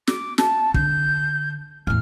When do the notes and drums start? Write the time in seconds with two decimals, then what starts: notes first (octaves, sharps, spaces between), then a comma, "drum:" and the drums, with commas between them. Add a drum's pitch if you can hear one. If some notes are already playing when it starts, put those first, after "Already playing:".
0.07 D6, drum: snare
0.38 A5, drum: snare
0.74 D3 G6, drum: kick
1.87 E2 A2 F6